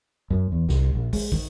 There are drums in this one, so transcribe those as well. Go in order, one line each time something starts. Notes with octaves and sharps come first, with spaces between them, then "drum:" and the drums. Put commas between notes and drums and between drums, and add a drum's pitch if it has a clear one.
F#2
E2
C2, drum: snare
A#1
G#3, drum: kick, open hi-hat
D#3, drum: kick